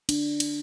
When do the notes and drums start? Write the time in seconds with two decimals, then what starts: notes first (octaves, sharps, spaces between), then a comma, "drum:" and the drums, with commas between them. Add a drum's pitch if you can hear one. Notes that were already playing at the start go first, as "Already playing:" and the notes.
0.09 D4, drum: cymbal
0.40 drum: cymbal